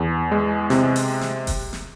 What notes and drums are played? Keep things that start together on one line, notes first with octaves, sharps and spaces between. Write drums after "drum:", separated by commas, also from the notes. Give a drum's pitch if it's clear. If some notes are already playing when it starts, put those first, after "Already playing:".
Already playing: E2
G#3
C3, drum: snare
drum: open hi-hat
drum: snare
drum: kick F1, open hi-hat
drum: snare